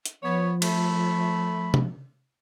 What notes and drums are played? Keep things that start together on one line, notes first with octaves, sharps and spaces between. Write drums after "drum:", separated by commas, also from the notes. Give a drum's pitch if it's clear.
drum: hi-hat
F3 B3 C#5
A3 B5, drum: cymbal
drum: tom C3